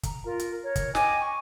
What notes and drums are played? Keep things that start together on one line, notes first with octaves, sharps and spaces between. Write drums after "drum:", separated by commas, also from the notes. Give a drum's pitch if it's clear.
A#5, drum: kick, hi-hat
F4 A#4
drum: hi-hat
A#4 C#5
drum: kick, hi-hat
D#5 G5 G#5 D6, drum: snare
C#6